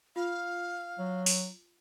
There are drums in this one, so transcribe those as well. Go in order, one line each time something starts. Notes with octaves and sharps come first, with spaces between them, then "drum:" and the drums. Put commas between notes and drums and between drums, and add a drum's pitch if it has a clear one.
F4 F5
F#3
drum: open hi-hat